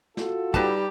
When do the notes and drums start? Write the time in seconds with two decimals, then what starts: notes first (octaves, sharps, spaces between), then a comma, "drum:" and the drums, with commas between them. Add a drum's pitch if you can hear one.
0.17 F4 F#4 A4, drum: snare
0.54 G3 D#4 G4 B4 A5, drum: kick